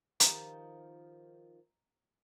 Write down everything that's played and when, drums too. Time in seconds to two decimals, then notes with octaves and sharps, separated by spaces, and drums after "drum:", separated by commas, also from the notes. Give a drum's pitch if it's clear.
0.20 D#3 F3 G4 A#5, drum: hi-hat